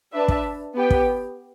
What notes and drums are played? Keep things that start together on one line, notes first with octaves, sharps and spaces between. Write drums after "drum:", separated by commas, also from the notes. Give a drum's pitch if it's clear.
D4 B4 E5 A5
drum: kick
B3 G4 B4 G5
drum: kick